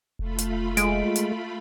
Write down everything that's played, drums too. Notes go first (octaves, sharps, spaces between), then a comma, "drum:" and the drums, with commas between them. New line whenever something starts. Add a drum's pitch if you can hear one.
F1 A3 F4 B5
drum: hi-hat
G#3 D7, drum: hi-hat
drum: hi-hat